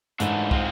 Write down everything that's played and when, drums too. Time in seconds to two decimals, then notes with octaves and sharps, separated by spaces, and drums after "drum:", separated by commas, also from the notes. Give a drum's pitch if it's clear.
0.20 G#2 E3 A3 D4, drum: hi-hat
0.51 A2 F3 G#3 C4 F4, drum: kick